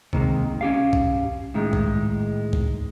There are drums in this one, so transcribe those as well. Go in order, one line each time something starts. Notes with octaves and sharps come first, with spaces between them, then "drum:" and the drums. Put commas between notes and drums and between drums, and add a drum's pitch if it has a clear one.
C3 D#3 G#3 A#3, drum: kick
C#4 G4 F5
drum: kick
A2 D#3 G#3
drum: kick
drum: kick